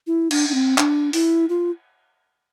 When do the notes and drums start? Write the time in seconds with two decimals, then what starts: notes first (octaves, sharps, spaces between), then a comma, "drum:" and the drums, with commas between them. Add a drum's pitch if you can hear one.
0.07 E4
0.31 D4, drum: cymbal
0.49 D4
0.54 C4
0.78 D4, drum: clap
1.13 E4, drum: open hi-hat
1.49 F4